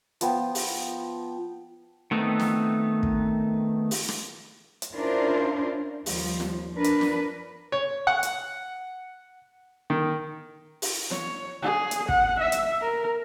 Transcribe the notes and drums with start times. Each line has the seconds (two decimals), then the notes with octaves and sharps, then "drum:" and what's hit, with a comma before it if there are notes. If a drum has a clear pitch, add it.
0.21 F3 B3 G5, drum: hi-hat
0.55 drum: open hi-hat
2.11 D#3 A3 B3 C4 D#4
2.39 drum: snare
3.03 drum: kick
3.91 drum: open hi-hat
4.09 drum: rim click
4.82 drum: hi-hat
4.93 C#4 D4 E4 F4 A#4 C5
6.06 D#2 F3 G3, drum: open hi-hat
6.40 drum: snare
6.74 D4 A#4 B4
6.84 drum: hi-hat
7.01 drum: snare
7.72 C#5
8.07 F#5
8.23 drum: hi-hat
9.90 D#3
10.82 drum: open hi-hat
11.11 C#5, drum: snare
11.62 G#4
11.91 drum: hi-hat
12.09 F#5, drum: kick
12.40 E5
12.52 drum: hi-hat
12.81 A#4